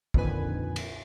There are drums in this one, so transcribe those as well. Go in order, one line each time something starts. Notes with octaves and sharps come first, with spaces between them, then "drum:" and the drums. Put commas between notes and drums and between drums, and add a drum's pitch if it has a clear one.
F2 A#2 D3 D#3 B4 G#5, drum: kick
drum: cymbal